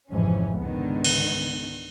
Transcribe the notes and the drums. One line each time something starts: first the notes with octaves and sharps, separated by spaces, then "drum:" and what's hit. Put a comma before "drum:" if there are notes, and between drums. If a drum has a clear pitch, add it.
G#1 F2 G#2 C3 E3 C#4
C#2 G#2 D3 D#3 B3
drum: cymbal